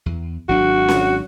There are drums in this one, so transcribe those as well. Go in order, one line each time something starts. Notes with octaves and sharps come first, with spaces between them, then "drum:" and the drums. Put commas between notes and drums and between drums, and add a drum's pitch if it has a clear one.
E2
G#1 F#3 D4 F#4
drum: snare C#4